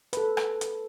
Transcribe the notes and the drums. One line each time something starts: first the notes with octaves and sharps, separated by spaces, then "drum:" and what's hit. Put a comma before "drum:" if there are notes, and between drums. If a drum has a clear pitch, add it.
A4 B4, drum: hi-hat
drum: rim click
drum: hi-hat